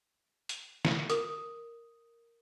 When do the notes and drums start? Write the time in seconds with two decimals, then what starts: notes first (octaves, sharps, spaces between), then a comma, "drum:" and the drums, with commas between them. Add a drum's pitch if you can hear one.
0.49 drum: hi-hat
0.85 drum: snare
1.10 A#4 D#6, drum: hi-hat